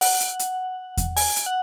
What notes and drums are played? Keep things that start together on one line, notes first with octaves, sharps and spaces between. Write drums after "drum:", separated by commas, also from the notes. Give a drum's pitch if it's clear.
F#5, drum: open hi-hat
drum: hi-hat
drum: hi-hat
drum: kick E2, hi-hat
G#5, drum: open hi-hat
drum: hi-hat
F#5